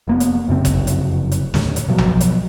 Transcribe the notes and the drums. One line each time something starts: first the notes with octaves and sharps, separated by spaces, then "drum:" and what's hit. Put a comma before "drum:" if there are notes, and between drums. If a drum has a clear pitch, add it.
F1 A#3 B3
drum: hi-hat
F1 F#2 C#3 C4
drum: kick, hi-hat
drum: hi-hat
drum: hi-hat
D#2 A2, drum: snare
drum: hi-hat
B2 F3 F#3
drum: tom A#1
drum: hi-hat